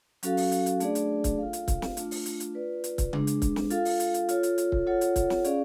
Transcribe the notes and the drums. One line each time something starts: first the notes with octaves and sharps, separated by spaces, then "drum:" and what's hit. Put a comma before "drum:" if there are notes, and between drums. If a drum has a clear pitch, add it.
F#3 C#4 F#4 A4 F5, drum: hi-hat
drum: open hi-hat
drum: hi-hat
drum: hi-hat
A3 D4 G#4 D5, drum: hi-hat
drum: hi-hat
drum: kick C#1, hi-hat
F4 A4 F5
drum: hi-hat
drum: kick C#1, hi-hat
drum: snare
A3 D4 F4, drum: hi-hat
drum: open hi-hat
drum: hi-hat
drum: hi-hat
F4 B4 D5
drum: hi-hat
drum: kick C#1, hi-hat
G#3 D4 G#4, drum: tom C#3
drum: hi-hat
drum: kick C#1, hi-hat
drum: snare
F4 A4 F5, drum: hi-hat
drum: open hi-hat
drum: hi-hat
drum: hi-hat
F4 A4 C#5, drum: hi-hat
drum: hi-hat
drum: hi-hat
drum: kick C#1
F4 A4 C#5 F#5
drum: hi-hat
drum: kick C#1, hi-hat
drum: snare
C#4 G#4 D5 F5, drum: hi-hat